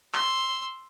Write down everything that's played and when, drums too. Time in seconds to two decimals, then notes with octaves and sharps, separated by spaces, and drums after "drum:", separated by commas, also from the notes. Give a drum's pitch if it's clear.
0.14 C6 E6, drum: clap